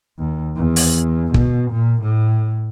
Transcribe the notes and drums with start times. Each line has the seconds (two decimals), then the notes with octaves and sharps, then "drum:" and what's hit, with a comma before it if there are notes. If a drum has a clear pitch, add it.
0.19 D#2
0.57 E2
0.76 drum: open hi-hat
1.34 B2, drum: kick
1.72 A#2
2.03 A2